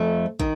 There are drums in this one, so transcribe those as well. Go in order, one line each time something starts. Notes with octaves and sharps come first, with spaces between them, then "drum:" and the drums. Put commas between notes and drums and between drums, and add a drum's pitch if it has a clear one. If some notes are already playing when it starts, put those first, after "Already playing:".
Already playing: F2 A3
D#3, drum: kick